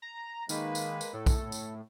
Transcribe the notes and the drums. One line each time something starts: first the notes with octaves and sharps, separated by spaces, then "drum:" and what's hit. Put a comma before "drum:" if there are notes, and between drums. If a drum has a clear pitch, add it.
A#5
D#3 G#3 A#3 B4, drum: tambourine
drum: tambourine
drum: tambourine
A2 A4
drum: kick, tambourine
drum: tambourine